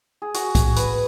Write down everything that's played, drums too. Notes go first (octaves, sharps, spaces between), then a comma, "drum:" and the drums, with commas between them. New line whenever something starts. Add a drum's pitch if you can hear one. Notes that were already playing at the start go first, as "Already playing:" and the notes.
G#4
F#4, drum: hi-hat
drum: kick, hi-hat
B4, drum: hi-hat